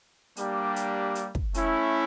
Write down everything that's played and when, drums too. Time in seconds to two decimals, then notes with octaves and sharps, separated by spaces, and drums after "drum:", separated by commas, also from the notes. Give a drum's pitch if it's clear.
0.36 G3 A#3 D4 G4, drum: hi-hat
0.76 drum: hi-hat
1.15 drum: hi-hat
1.35 drum: kick
1.54 A3 C#4 E4, drum: hi-hat